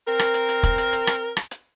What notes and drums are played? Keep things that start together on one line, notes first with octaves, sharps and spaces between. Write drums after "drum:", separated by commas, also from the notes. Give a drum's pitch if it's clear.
C4 A#4
drum: rim click
drum: hi-hat
drum: hi-hat
drum: kick, hi-hat
drum: hi-hat
drum: hi-hat
drum: rim click
drum: rim click
drum: hi-hat